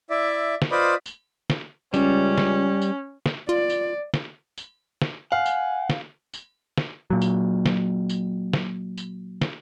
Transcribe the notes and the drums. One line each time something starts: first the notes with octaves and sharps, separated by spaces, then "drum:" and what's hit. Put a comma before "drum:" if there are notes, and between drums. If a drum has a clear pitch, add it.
E4 D5 E5
drum: snare
F4 B4 C5 D5 D#5 B5
drum: tambourine
drum: snare
C#2 G3 C#4, drum: tambourine
drum: snare
drum: tambourine
drum: snare
F4 D5
drum: tambourine
drum: snare
drum: tambourine
drum: snare
F5 F#5 G#5
drum: tambourine
drum: snare
drum: tambourine
drum: snare
A#2 F#3
drum: tambourine
drum: snare
drum: tambourine
drum: snare
drum: tambourine
drum: snare